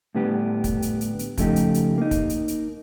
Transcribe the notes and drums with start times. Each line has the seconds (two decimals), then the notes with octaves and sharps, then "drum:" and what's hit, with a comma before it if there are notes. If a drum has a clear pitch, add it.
0.15 A2 D3 G3 B3 G4
0.64 drum: kick, hi-hat
0.82 drum: hi-hat
1.01 drum: hi-hat
1.19 drum: hi-hat
1.38 C#3 F3 A3 D#4 G4, drum: kick, hi-hat
1.56 drum: hi-hat
1.74 drum: hi-hat
1.98 A#3 D#4
2.11 drum: kick, hi-hat
2.30 drum: hi-hat
2.48 drum: hi-hat